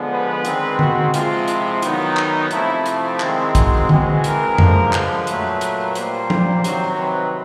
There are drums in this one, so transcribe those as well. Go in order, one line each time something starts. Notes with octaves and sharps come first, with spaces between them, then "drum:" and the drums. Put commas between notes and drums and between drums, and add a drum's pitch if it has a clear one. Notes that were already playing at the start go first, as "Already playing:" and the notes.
Already playing: D3 F3 G#3 B3
B4
D#3 G#3 C4, drum: hi-hat
F#4, drum: tom D3
C3 F3 G#3 F4, drum: hi-hat
E4, drum: hi-hat
D#3 F#3 B3 D#4, drum: hi-hat
drum: clap
C3 F3 A3 E4, drum: hi-hat
E4, drum: hi-hat
D#3 G#3 C4, drum: clap
F#4, drum: kick, hi-hat
E3 G#3 C4, drum: tom D3
A#4, drum: hi-hat
D3 F3 G#3, drum: tom F2
B4, drum: clap
A#2 F#3 A3, drum: hi-hat
drum: hi-hat
A#2 G3 A#3 C5, drum: hi-hat
drum: tom F3
C3 D#3 F#3, drum: hi-hat
B4